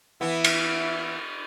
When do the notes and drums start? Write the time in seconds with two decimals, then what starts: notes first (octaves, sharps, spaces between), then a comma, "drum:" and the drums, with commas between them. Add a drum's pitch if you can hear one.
0.21 E3 B3 E4
0.44 drum: cymbal